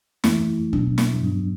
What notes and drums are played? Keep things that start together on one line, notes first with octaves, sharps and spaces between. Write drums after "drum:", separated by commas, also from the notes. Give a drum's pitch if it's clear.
F#2 E3 A3 E4, drum: snare
B2 F#3 B3 D4, drum: kick
drum: snare
G2 F#3 B3 D4